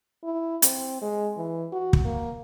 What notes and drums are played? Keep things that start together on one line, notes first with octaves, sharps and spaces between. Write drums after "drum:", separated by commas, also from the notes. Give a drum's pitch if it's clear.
E4
C4, drum: hi-hat
G#3
E3
F#4
drum: kick
A#3